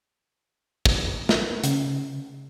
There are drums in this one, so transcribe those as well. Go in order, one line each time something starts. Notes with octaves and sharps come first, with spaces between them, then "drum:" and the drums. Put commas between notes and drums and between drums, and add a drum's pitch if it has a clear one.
drum: kick
drum: snare
C#3, drum: hi-hat